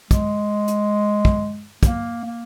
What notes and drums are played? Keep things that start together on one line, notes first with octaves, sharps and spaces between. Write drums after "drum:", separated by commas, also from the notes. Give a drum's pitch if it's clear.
G#3, drum: kick, hi-hat
drum: hi-hat
drum: kick
A#3, drum: kick, hi-hat
A#3